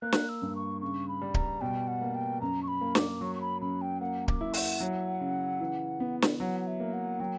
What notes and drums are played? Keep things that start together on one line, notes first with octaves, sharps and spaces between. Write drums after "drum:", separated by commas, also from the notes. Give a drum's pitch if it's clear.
A#3 F#6
drum: snare
E6
G2
C#6
C#3 C#6
B5
G3
A#5, drum: kick D1
B2 G5
F#5
A#3
G5
F#2 A#5
C#6
B5
A#3
D6, drum: snare
F#3 C#6
C#6
B5
F#2 B5
G5
A#3 F#5
D6, drum: kick D1
E4
F#5, drum: open hi-hat
F#3
C#3
E3
B3
drum: snare
F#3 F#5
F#5
E5
A#3
F#5
F#3 G5